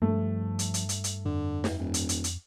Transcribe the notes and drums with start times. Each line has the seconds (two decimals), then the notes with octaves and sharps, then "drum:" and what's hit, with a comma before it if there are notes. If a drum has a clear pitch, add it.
0.02 G2 F3 A3
0.59 drum: hi-hat
0.74 drum: hi-hat
0.89 drum: hi-hat
1.04 drum: hi-hat
1.25 F2 D3
1.64 drum: snare
1.79 D#1
1.94 drum: hi-hat
2.09 drum: hi-hat
2.24 drum: hi-hat